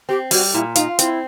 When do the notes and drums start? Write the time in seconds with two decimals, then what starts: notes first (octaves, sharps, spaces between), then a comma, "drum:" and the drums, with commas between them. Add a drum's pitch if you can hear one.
0.09 C4 G4
0.31 G3 F#4, drum: open hi-hat
0.54 A#2 E4
0.75 D#4 F4, drum: hi-hat
0.99 C4 E4, drum: hi-hat